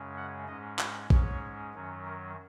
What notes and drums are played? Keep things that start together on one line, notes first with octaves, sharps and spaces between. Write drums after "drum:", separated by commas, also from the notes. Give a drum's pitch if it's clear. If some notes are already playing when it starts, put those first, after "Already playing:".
Already playing: F#2 C#3 G#3 C#4
F#5
G#2 G#3 C#4 D#5
C#5, drum: clap
G#2 G#3 C#4 C#5, drum: kick
F#2 D#3 F#3 C#4
A#4